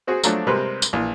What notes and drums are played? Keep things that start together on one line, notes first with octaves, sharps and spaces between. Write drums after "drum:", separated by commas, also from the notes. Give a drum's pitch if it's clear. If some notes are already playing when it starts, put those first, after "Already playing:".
C4 F#4 G#4
F3 F#3 A3 D4, drum: tambourine
C3 G3 G#3 C4 A#4 B4
drum: tambourine
A#1 E3